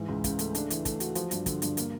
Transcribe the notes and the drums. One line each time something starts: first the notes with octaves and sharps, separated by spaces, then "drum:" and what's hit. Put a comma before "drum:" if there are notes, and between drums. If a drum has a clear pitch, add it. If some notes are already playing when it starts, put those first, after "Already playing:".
Already playing: G#2 E3
C#2
C#3, drum: kick, hi-hat
A3, drum: hi-hat
D4, drum: hi-hat
E3, drum: hi-hat
A3, drum: kick, hi-hat
F#4, drum: hi-hat
F3, drum: hi-hat
G2, drum: hi-hat
D3, drum: kick, hi-hat
G2, drum: hi-hat
A#3, drum: hi-hat